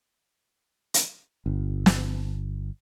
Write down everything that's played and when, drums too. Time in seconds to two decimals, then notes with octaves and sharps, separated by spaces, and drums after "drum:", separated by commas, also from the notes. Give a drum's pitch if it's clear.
0.94 drum: hi-hat
1.46 G1
1.86 drum: snare